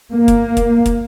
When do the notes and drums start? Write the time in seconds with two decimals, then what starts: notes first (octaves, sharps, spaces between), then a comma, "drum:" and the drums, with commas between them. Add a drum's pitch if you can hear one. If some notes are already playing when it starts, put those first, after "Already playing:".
0.13 A#3
0.28 drum: kick, hi-hat
0.57 drum: kick, hi-hat
0.85 drum: kick, hi-hat